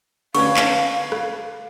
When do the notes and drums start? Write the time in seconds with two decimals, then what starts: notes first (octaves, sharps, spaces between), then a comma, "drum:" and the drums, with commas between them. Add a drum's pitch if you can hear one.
0.35 D3 B3 C#4 F5 C#6, drum: cymbal
0.57 drum: clap
1.12 drum: rim click